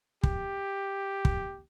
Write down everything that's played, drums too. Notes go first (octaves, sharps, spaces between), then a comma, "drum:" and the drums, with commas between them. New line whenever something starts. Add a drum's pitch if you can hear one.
G4, drum: kick
drum: kick